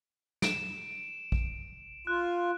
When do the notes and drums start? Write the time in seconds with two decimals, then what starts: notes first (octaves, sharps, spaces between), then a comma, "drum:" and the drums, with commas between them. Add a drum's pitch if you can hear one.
0.42 D7 E7, drum: snare
1.32 drum: kick A#1
2.07 F4 F#6